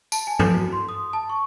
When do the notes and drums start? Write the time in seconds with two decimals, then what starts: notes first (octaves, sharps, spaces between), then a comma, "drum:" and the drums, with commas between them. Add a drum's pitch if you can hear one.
0.12 A5, drum: tambourine
0.27 G#5
0.39 A4, drum: tom G2
0.54 F#4
0.72 C6
0.89 D#6
1.13 A5
1.29 C#6